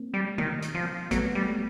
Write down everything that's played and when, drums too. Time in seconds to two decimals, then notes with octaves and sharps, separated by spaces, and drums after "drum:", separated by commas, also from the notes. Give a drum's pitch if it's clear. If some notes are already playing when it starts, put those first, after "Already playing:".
Already playing: A#3 C4
0.14 G3
0.38 D#3, drum: tom
0.62 drum: hi-hat
0.74 F3
1.11 F#3 A3 B3, drum: kick, hi-hat
1.35 G3